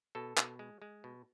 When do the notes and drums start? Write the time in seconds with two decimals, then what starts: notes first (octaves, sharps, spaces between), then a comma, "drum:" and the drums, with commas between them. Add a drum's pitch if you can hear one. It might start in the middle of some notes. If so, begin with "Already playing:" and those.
0.15 B2 A4
0.37 B2, drum: clap
0.59 G#3
0.82 G#3
1.04 B2